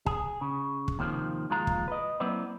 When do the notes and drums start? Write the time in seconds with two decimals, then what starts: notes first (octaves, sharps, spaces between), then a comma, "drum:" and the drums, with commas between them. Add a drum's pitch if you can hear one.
0.06 G#4, drum: kick
0.41 C#3
0.88 drum: kick
0.99 D#2 C3 D#3 F3
1.50 D#2 F3 G#3 F4 A#5
1.67 drum: kick
1.88 B4 D#5
2.20 F#3 A#3 C4 E4 B4 D5